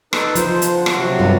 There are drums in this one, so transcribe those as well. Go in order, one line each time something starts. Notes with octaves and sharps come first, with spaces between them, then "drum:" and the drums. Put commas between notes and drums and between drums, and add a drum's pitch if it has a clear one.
D#4 A4 B4, drum: rim click
F3 C5, drum: hi-hat
drum: hi-hat
D3 F#5
drum: rim click
C3 F#3 F#4
G2 F4 A4